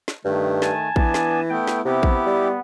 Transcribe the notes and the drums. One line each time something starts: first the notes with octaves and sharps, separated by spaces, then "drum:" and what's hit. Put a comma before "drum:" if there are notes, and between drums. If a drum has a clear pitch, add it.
drum: snare
G2 D#3 A3
G#5 A5, drum: snare
E3 B3 D4, drum: kick
drum: snare
A3 B3 E4 G5
drum: snare
C3 B3 E4 G4
drum: kick
G3